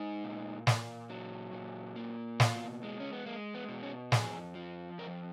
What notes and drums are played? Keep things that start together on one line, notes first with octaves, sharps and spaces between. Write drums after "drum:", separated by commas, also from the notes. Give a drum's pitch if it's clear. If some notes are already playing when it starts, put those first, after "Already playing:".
Already playing: G#3 D#4
A#2
A#2, drum: snare
F#3
A#2
A#3
B2 F4, drum: snare
G#3
C#4
B3
G#3 A#3
B3
B2
C#4
F2 G#4, drum: snare
F3
F2 A#4